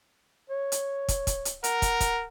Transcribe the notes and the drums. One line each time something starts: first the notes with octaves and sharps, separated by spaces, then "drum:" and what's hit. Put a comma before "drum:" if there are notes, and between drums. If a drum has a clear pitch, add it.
C#5
drum: hi-hat
drum: kick, hi-hat
drum: kick, hi-hat
drum: hi-hat
A#4 F#5, drum: hi-hat
drum: kick, hi-hat
drum: kick, hi-hat